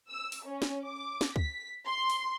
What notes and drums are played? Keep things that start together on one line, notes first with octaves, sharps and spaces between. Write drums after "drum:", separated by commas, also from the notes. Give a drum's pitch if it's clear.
E6
drum: open hi-hat
C#4
drum: snare
D6
drum: snare
B6, drum: kick D2
C6
drum: open hi-hat